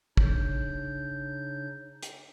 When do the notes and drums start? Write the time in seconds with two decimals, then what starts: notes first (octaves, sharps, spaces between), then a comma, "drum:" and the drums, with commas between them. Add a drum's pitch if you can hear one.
0.17 C#3 D4 D#4 C#5 G6, drum: kick
2.03 drum: hi-hat